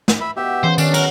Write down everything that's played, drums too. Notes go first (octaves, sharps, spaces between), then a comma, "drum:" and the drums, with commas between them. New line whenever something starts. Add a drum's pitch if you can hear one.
drum: snare
E5 B5
B2 G4 E5 F#5
C#3 E3 C5
B2 D#3 C#4 D4 F#6, drum: tambourine
F#3 A#4, drum: cymbal